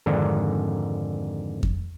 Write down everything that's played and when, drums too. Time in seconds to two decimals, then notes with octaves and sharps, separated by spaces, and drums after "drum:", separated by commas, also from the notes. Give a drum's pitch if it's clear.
0.06 F2 G#2 D3 D#3 D4
1.63 drum: kick F2